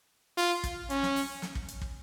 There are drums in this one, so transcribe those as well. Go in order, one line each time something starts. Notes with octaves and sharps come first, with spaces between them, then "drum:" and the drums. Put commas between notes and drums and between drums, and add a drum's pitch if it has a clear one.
F4, drum: open hi-hat
drum: kick, hi-hat
C#4, drum: hi-hat
drum: snare
drum: open hi-hat
drum: snare
drum: kick
drum: hi-hat
drum: kick